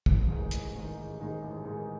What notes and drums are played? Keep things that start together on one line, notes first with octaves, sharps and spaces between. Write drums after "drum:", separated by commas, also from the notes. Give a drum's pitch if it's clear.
A1, drum: kick
G#2 D#3 G#3 D#4
A1, drum: hi-hat
G#2 D#3 G#3 D#4
A1
G#2 D#3 G#3 D#4
A1
G#2 D#3 G#3 D#4